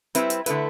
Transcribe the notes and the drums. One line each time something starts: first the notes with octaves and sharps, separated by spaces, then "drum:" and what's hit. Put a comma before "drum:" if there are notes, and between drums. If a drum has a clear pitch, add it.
G3 C4 E4 B4, drum: hi-hat
drum: hi-hat
D3 A3 E4 B4, drum: hi-hat